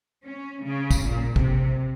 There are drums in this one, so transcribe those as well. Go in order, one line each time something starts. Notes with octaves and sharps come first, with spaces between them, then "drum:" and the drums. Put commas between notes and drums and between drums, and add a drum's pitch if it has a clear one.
C#4
C#3
drum: kick, tambourine
A#2
C3, drum: kick